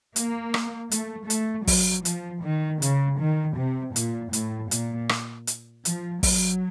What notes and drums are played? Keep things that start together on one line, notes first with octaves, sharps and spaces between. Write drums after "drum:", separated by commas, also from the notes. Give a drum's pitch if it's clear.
A#3, drum: hi-hat
drum: rim click
A3, drum: hi-hat
A3, drum: hi-hat
F#3, drum: kick, open hi-hat
F3, drum: hi-hat
D#3
C#3, drum: hi-hat
D#3
C3
A#2, drum: hi-hat
A2, drum: hi-hat
A#2, drum: hi-hat
drum: rim click
drum: hi-hat
F3, drum: hi-hat
F#3, drum: kick, open hi-hat